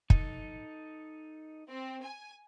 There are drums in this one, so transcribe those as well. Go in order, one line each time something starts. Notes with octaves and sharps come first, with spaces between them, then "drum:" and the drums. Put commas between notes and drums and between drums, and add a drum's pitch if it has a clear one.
D#4 A4, drum: kick
C4
G#5